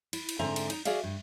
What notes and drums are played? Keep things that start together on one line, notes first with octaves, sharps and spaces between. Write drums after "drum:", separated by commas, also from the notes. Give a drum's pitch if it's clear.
E4, drum: cymbal
drum: cymbal
G#2 D3 C4 E5 G#5 A#5
drum: cymbal
D#4 A#5, drum: cymbal
F#4 G#4 D5 E5 F5, drum: cymbal
G2